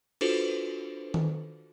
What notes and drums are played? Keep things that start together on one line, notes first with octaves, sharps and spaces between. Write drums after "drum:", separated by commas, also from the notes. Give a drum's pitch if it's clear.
D4 F4 F#4 A4 B4 C5, drum: cymbal
drum: tom D#3